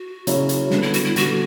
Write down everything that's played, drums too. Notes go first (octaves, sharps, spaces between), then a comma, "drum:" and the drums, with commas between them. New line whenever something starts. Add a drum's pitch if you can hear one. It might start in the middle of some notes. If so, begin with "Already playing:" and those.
Already playing: F#4
C#3 F#3 A#3 C#4 E4, drum: hi-hat
drum: hi-hat
D3 G3 B3 D4, drum: snare
E4
F#4, drum: hi-hat
E4
D3 G3 B3 F#4, drum: hi-hat